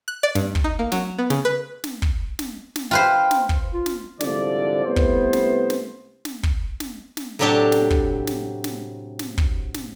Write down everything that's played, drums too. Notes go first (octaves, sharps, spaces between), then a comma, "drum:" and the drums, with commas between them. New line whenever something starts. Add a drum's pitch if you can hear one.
F#6
D5
G2, drum: snare
drum: kick
D#4
A#3
F#3, drum: snare
B3
C#3, drum: snare
B4
drum: snare
drum: kick
drum: snare
drum: snare
F4 B4 C5 G5
drum: snare
drum: kick
F4
drum: snare
C2 G#2 D3 F3 D5, drum: snare
C2 A3 B3 B4 C5
drum: kick
drum: snare
drum: snare
drum: snare
drum: kick
drum: snare
drum: snare
A2 C3 F#3 D4 G4 A5
drum: snare
drum: kick
drum: snare
drum: snare
drum: snare
drum: kick
drum: snare